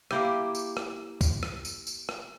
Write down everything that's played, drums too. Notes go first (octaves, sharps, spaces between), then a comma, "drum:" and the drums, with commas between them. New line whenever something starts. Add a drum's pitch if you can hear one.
A#3 E4 G4, drum: rim click
drum: tambourine
drum: rim click
drum: kick, tambourine
drum: rim click
drum: tambourine
drum: tambourine
drum: rim click